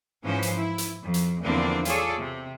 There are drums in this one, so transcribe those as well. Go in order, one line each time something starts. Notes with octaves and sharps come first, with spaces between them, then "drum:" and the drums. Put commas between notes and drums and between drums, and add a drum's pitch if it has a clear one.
G#2 E3 F3 C#4 B4 C5
drum: hi-hat
E4
drum: hi-hat
F2
drum: hi-hat
E2 D3 F3 A#3 C4 D4
F4 G#4 A4 C#5 D5, drum: hi-hat
C3